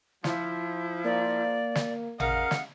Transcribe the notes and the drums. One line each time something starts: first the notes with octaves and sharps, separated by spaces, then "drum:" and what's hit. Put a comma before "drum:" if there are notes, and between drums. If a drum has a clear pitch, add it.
F3 E4, drum: snare
A#3 D5
drum: snare
C#3 A#4 D#5 F5 F#5, drum: tom A1
drum: snare